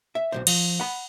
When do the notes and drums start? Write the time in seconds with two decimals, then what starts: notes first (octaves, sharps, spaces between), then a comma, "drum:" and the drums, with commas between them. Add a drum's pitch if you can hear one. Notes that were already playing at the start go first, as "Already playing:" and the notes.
0.15 E5
0.32 B1 F#3 C5
0.47 F3, drum: cymbal
0.80 F#5 B5